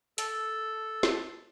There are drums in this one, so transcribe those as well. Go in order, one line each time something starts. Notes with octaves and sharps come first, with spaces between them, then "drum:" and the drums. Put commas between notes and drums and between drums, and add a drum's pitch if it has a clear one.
A4, drum: hi-hat
drum: snare